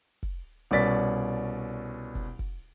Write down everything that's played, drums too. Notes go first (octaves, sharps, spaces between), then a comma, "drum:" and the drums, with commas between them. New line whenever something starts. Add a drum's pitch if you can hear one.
drum: kick
C2 B2 C#4 D5 A6 B6
drum: kick
drum: kick